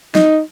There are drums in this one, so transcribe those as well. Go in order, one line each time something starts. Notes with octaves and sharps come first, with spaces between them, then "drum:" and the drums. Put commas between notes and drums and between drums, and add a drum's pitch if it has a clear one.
D#4, drum: snare